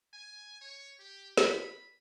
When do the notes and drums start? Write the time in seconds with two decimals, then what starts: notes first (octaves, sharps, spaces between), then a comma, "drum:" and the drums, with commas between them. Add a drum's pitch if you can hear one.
0.13 G#5
0.61 C#5
0.99 G4
1.37 B5, drum: snare